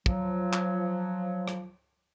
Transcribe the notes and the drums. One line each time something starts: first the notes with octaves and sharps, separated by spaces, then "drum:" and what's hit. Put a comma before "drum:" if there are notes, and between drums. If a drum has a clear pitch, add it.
F3 F#3, drum: kick
drum: clap
drum: rim click